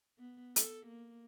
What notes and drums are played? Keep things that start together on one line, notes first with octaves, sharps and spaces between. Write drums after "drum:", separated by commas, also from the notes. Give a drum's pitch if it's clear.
B3
A4, drum: hi-hat
A#3